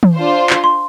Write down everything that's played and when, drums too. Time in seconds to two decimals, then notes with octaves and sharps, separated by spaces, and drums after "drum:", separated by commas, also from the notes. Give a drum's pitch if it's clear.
0.03 drum: tom
0.15 D4 F4 C5
0.50 drum: clap
0.64 C6